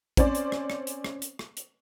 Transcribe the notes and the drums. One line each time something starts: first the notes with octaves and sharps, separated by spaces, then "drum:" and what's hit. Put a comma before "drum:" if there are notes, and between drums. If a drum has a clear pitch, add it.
C4 C#4 C5 D5, drum: kick, hi-hat
drum: hi-hat
drum: rim click
drum: rim click
drum: hi-hat
drum: rim click
drum: hi-hat
drum: rim click
drum: hi-hat